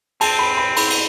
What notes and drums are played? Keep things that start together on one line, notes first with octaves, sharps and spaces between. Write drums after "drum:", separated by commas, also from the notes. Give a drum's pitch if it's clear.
C4 A5, drum: cymbal
B5
B5
B5, drum: cymbal
drum: cymbal